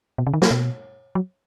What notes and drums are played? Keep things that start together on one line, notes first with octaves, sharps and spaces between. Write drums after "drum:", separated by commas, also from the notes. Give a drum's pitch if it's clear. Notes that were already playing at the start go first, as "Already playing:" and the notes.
B2
C#3
D#3
F#3, drum: snare
B2
F#3